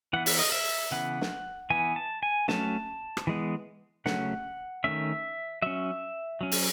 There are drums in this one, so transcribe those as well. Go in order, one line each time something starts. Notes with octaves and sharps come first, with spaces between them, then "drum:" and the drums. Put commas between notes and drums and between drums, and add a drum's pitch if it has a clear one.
E3 B3 F#5
E5, drum: open hi-hat
D#5
E5
C#3 E3 B3 F#5
drum: snare
E3 B3 G#5
A5
G#5
F#3 A3 C#4 A5, drum: snare
drum: rim click
E3 G#3 B3
C#3 F#3 A3 C#4 F#5, drum: snare
D#3 A3 C#4 E5
F#3 C#4 E5
F#3 C#4
drum: open hi-hat